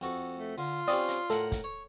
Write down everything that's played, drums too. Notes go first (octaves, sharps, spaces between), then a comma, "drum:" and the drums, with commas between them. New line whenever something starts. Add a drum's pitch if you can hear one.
F2 F#4 A4
A3
D3 F4
C4 C#4 G4 D5 D#6, drum: hi-hat
drum: hi-hat
A2 A4 A#4 F#5, drum: hi-hat
drum: kick, hi-hat
C#5